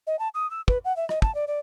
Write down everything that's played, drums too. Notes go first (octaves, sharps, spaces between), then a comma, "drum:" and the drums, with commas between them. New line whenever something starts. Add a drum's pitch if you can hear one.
D#5
A5
D#6
E6
B4, drum: kick
F#5
E5
D#5, drum: rim click
A5, drum: kick
D5
D5